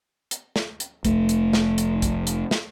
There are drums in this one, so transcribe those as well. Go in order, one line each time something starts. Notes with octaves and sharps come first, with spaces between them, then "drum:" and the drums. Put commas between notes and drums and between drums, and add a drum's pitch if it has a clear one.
drum: hi-hat
drum: snare
drum: hi-hat
F1 A3, drum: kick A#1, hi-hat
drum: hi-hat
drum: snare
drum: hi-hat
drum: kick A#1, hi-hat
drum: hi-hat
drum: snare